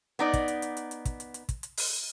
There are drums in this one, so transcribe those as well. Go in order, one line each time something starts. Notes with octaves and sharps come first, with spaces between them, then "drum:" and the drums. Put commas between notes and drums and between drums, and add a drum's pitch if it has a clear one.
B3 D#4 D5
drum: kick, hi-hat
drum: hi-hat
drum: hi-hat
drum: hi-hat
drum: hi-hat
drum: kick, hi-hat
drum: hi-hat
drum: hi-hat
drum: kick, hi-hat
drum: hi-hat
drum: open hi-hat